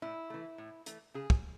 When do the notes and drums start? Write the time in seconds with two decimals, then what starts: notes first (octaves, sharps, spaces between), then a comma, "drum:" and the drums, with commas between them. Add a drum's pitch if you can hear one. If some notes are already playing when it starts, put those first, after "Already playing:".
0.02 A2 E4
0.30 E3 A3
0.58 A2
0.86 E3 A3, drum: hi-hat
1.14 C#3 G#4
1.30 drum: kick